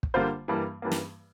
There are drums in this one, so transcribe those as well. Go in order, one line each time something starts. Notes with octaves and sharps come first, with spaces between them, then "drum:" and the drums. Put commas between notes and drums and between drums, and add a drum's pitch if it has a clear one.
drum: kick
D3 G3 A#3 F4 C5
G2 E3 G3 A#3
G2 E3 G3 A#3
drum: snare